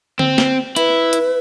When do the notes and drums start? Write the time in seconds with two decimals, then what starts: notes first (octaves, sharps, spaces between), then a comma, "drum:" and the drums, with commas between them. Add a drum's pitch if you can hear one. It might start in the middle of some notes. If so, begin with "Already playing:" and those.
0.19 C4, drum: tom D3
0.38 drum: snare
0.76 E4 B4, drum: hi-hat
1.13 drum: hi-hat